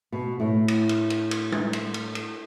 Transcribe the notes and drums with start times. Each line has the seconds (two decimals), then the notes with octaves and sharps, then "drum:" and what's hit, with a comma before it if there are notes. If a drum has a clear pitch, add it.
0.12 B2
0.40 A2
0.68 drum: cymbal
0.89 drum: cymbal
1.10 drum: cymbal
1.31 drum: cymbal
1.52 drum: tom G3
1.73 drum: cymbal
1.94 drum: cymbal
2.15 drum: cymbal